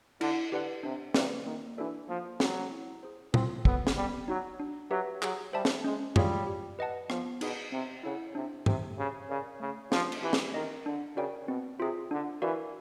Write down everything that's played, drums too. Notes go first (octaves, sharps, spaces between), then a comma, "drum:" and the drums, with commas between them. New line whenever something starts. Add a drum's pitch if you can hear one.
D3 E4, drum: cymbal
D3 G4 B4 D5 F#5
C3 D4
C3 F#4 B4 D5 F5, drum: snare
D#3 A#3
E3 D4 F#4 A4 D5
F3 A#3
F#3 C#4 F#4, drum: snare
E4
G#4 C5
C4 F4, drum: tom A#2
B3 A4 C#5, drum: kick
drum: snare
G3 B3
F#3 D#4 F#4
D4
F#3 G4 B4 E5
F#3 G#4, drum: clap
G3 C5 E5 A5
drum: snare
G#3 C#4
G3 F4 G#4 C#5 F5, drum: tom
G4
B4 D#5 F#5 A5
F3 B3, drum: rim click
B2 D#4 G#4, drum: cymbal
C3 C4
C#3 E4 A4 C#5 F#5
C3 D4
C3 G4 C5 E5 G5, drum: tom G2
C#3 G4
C#3 A#4 D5 F5 G#5
C#3 A3
F3 D4 G4 C5, drum: snare
drum: cymbal
E3 G4
drum: snare
D#3 A#4 D#5
D3 D4
C#3 F#4 A#4 D5 G5
B2 C4
C3 F4 G#4
D3 D4
E3 F#4 A#4 D5 F5